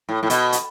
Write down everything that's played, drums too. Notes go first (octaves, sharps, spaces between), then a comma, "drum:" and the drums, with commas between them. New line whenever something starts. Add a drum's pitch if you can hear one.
A2
A2
B2, drum: hi-hat
drum: hi-hat